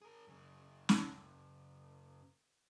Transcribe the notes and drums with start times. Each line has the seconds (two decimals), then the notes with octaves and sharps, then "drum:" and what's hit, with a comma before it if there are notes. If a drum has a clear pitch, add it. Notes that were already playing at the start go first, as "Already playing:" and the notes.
0.02 G#4 A#4
0.28 F#2 C#3
0.89 drum: snare